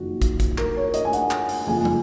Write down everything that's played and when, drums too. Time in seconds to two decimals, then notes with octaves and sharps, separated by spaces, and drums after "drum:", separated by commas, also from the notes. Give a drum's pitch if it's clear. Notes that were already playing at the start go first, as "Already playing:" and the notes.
Already playing: F#1 F2 D#3 F#4
0.22 drum: kick, hi-hat
0.40 drum: kick, hi-hat
0.58 A#4, drum: clap
0.77 C#5
0.94 D#5, drum: hi-hat
1.05 G#5
1.13 F#5, drum: hi-hat
1.31 drum: clap
1.49 drum: open hi-hat
1.67 F#1 F2 F3 G#5
1.85 drum: tom